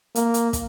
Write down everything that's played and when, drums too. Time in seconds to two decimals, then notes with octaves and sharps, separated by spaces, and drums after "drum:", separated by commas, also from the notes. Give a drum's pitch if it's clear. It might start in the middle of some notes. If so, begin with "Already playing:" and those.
0.15 A#3, drum: hi-hat
0.34 drum: hi-hat
0.53 drum: kick, hi-hat